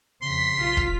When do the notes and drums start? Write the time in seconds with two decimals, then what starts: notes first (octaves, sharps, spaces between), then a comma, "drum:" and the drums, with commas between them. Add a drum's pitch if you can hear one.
0.22 F2 C#3 C6 B6
0.58 B1 F4
0.77 drum: kick